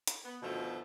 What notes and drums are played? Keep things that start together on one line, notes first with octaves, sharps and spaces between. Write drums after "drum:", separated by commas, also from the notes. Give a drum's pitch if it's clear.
drum: hi-hat
B3
D2 B2 D#3 F3 A3